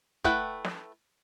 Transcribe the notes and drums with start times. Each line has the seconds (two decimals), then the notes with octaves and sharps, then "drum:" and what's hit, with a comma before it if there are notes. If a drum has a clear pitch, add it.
0.24 A3 E4 B4 F#5 G5, drum: kick
0.65 drum: snare